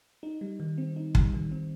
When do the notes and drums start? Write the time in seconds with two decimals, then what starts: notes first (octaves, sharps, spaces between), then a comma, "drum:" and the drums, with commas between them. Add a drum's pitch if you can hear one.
0.23 D#4
0.41 G3
0.60 D#3
0.78 C4
0.96 D#4
1.15 G3, drum: kick
1.34 D#3
1.52 C4